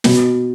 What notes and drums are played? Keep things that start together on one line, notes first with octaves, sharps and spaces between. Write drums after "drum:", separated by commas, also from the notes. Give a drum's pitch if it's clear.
B2, drum: snare